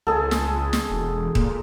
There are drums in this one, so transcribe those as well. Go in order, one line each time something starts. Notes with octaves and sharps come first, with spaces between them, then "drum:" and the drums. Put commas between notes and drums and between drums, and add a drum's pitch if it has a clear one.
C#2 G#4 A4
drum: snare
drum: snare
E1
A#2, drum: kick D#1